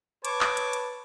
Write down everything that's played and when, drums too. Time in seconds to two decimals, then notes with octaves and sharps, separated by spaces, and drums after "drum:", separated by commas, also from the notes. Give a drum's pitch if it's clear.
0.25 B4 C#5 A5 D6, drum: hi-hat
0.41 drum: clap
0.57 drum: hi-hat
0.73 drum: hi-hat